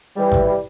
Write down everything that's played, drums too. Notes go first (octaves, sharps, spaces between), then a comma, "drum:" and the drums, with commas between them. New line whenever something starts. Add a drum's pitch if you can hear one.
E3 G3
drum: kick
G3